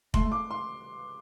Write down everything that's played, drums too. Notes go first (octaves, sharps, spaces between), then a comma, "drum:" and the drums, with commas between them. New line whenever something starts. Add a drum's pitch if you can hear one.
A3 C6, drum: kick F1
D6
C6